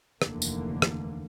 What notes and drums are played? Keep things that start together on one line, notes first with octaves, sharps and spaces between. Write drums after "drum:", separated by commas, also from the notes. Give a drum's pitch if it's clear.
F1 D#2 D3 E3 A3 A#3, drum: rim click
drum: tambourine
drum: rim click